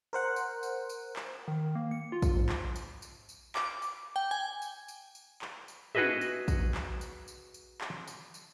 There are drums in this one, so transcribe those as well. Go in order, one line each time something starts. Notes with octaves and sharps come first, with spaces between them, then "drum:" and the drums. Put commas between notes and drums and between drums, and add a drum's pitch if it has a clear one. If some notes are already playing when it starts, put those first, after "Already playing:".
A#4 C5 F#5
drum: tambourine
drum: tambourine
drum: tambourine
drum: clap
D#3
A#3
C#7
F4
drum: kick A#1, tambourine
G#2
drum: clap
drum: tambourine
drum: tambourine
drum: tambourine
D6, drum: clap
drum: tambourine
G5
G#5
drum: tambourine
drum: tambourine
drum: tambourine
drum: clap
drum: tambourine
F#4 G#4 B4 D#5 E5, drum: tom
drum: tambourine
drum: kick A#1, tambourine
drum: clap
drum: tambourine
drum: tambourine
drum: tambourine
drum: clap
drum: tambourine
drum: tambourine